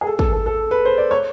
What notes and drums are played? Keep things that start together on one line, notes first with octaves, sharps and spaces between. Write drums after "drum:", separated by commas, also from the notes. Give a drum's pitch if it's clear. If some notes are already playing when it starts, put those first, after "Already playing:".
G#4
A4
A4, drum: kick
A4
A4
B4
C5
D5
C#5